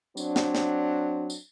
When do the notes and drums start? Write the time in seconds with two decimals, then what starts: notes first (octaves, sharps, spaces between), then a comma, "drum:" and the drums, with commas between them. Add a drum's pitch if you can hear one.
0.17 F#3 C4 D4, drum: tambourine
0.36 drum: snare
0.55 drum: snare
1.30 drum: tambourine